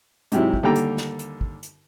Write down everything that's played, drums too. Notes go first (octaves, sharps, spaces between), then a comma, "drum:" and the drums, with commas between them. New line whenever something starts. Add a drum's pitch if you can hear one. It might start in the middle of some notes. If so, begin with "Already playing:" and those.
G#2 C3 F#3 E4, drum: hi-hat
drum: kick
D#2 D3 G3 A#3 G5 A#5
drum: hi-hat
drum: snare
drum: hi-hat
drum: kick
drum: hi-hat